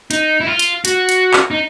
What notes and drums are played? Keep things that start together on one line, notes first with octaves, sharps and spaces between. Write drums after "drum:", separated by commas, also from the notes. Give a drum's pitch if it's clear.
D#4, drum: hi-hat
E4
F4
drum: hi-hat
F#4, drum: hi-hat
drum: hi-hat
drum: clap
D#4